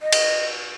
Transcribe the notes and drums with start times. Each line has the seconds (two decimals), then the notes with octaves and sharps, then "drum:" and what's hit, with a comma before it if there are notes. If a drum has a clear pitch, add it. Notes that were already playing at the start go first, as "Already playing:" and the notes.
0.01 D#5
0.12 drum: cymbal